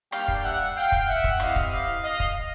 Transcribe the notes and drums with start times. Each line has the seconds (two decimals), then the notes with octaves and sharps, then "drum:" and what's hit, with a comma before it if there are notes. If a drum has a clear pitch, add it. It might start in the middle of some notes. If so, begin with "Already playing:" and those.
0.12 G3 A#3 D4 G4 F5 G5, drum: rim click
0.28 drum: kick
0.44 E5 F#5
0.76 F5 G5
0.92 drum: kick
1.08 E5 F#5
1.24 drum: kick
1.40 C4 E4 G4 D#5 F5, drum: rim click
1.56 drum: kick
1.71 D#5 F5
2.04 D#5 F5
2.20 drum: kick